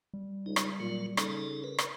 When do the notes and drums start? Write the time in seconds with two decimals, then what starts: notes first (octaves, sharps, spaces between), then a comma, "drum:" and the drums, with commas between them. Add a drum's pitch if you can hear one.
0.14 G3
0.46 C#2 D#4
0.56 drum: rim click
0.80 A#2 F#3 F4
1.17 C#3 D#4 A4, drum: rim click
1.64 A#4 B4
1.78 drum: rim click